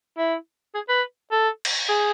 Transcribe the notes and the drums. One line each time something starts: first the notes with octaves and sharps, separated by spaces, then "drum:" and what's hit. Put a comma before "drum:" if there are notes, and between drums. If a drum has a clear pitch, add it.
E4
G#4
B4
A4
drum: cymbal
G#4